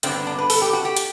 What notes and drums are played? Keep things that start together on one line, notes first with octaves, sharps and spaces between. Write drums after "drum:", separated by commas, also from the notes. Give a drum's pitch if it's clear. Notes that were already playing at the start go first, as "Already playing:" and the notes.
G2 D3 F#3 B3 C4, drum: hi-hat
D4
B4
A4, drum: open hi-hat
G4
F#4
G4
drum: hi-hat